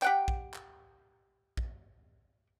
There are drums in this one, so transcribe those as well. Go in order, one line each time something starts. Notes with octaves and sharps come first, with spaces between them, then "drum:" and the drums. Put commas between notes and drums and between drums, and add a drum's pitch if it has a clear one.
G4 F#5 G5, drum: clap
drum: kick A#1
drum: clap
drum: kick A#1